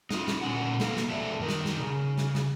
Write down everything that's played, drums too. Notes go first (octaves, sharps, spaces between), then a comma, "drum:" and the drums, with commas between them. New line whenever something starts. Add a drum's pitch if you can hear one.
D#4 F4, drum: snare
drum: snare
A#2 D3 C#4 F#5
A#3 A4 F5, drum: snare
drum: snare
F3 A4 D5 E5 A5
F#2 D#3 D#4 A#4
drum: snare
drum: snare
C#3
drum: snare
drum: snare